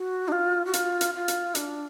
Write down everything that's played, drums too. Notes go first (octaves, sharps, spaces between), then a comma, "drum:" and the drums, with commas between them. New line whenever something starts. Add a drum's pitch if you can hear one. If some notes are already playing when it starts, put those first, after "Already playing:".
Already playing: F#4
D4
F4
F#4
F4, drum: hi-hat
drum: hi-hat
F4
drum: hi-hat
D4, drum: hi-hat